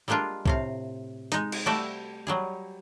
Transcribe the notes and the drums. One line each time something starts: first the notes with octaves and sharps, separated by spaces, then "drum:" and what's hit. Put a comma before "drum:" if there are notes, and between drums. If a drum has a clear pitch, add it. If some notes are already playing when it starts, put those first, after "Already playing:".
G3 G#3 A#3 D4 F4
A2 C3 F5, drum: kick C2
G#3 D#4, drum: hi-hat
drum: cymbal
G3 A3 F#4 A4 D5 E5
F#3 G3 G#4